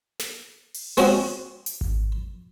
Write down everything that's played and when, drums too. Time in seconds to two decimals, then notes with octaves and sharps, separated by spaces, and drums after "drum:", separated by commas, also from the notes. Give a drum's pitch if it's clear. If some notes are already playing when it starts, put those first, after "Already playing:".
0.20 drum: snare
0.74 drum: open hi-hat
0.97 G#3 C4 C#4 F#4 D#5 G#5, drum: open hi-hat
1.66 drum: hi-hat
1.81 drum: kick G#1